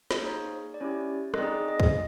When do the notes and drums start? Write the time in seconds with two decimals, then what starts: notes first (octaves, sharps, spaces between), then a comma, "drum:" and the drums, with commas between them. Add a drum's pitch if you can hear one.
0.11 C5, drum: snare
0.21 A#3 D#4 G#4 C#5
0.74 D5
0.81 C#4 E4 G4 C#5
1.34 D#5, drum: rim click
1.39 C4 D#4 G#4 D5
1.68 D#5
1.80 drum: kick